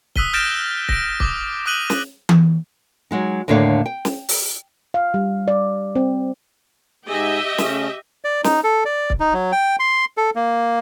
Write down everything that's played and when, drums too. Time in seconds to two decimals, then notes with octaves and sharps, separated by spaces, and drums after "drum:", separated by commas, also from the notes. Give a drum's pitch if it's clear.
0.16 D#6 E6 F#6 B6 D#7 G7, drum: kick C#1
0.33 F6 G6 A6 A#6 D7 E7
0.89 A#6 D7, drum: kick C#1
1.20 D6 D#6, drum: kick C#1
1.66 D6 D#6 F#6 D#7 F#7 G7
1.90 drum: snare
2.29 drum: tom E3
3.11 F#3 G#3 D#4
3.48 D#2 A2 D3 D4 C#5 F5
3.86 G5
4.05 drum: snare
4.29 drum: open hi-hat
4.94 F5
5.14 G3
5.48 D5
5.96 C4
7.08 G#2 G4 G#4 D#5 E5
7.58 C#3 A3 C#4, drum: snare
8.25 D5
8.44 D#4, drum: snare
8.64 A4
8.85 D5
9.10 drum: kick C#1
9.20 D#4
9.34 F#3
9.52 G5
9.79 C6
10.17 A4
10.36 A#3